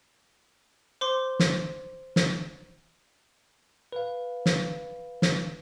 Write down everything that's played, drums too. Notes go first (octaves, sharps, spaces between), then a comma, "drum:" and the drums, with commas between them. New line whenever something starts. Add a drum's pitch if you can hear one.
C5 C6 D6
drum: snare
drum: snare
B4 F5
drum: snare
drum: snare